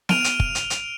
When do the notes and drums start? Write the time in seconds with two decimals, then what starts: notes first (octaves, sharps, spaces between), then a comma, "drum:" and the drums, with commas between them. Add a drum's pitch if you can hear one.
0.09 F6 D7 D#7 F7, drum: snare B3
0.24 drum: hi-hat
0.40 drum: kick
0.55 drum: hi-hat
0.70 drum: hi-hat